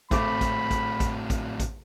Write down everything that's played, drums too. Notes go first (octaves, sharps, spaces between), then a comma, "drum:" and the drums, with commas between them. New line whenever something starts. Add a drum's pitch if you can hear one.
G#1 A2 A3 C4 B5 D6, drum: kick A1, hi-hat
drum: kick A1, hi-hat
drum: kick A1, hi-hat
drum: kick A1, hi-hat
drum: kick A1, hi-hat
drum: kick A1, hi-hat